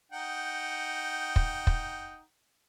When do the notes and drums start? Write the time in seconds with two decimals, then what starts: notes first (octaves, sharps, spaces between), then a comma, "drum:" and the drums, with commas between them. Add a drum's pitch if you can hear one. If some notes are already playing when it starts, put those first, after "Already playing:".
0.12 D#4 F#5 G5
1.36 drum: kick
1.67 drum: kick